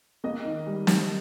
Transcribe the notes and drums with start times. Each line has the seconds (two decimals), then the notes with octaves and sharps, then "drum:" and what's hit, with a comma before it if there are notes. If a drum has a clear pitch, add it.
0.24 A#3 D#5
0.45 D#3
0.67 G3
0.87 D#3, drum: snare